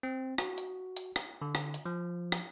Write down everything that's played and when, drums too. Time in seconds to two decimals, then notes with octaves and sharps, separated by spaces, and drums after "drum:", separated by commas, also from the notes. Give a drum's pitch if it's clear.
0.03 C4
0.38 F#4, drum: rim click
0.58 drum: hi-hat
0.97 drum: hi-hat
1.16 drum: rim click
1.42 D3
1.55 drum: rim click
1.74 drum: hi-hat
1.86 F3
2.32 drum: rim click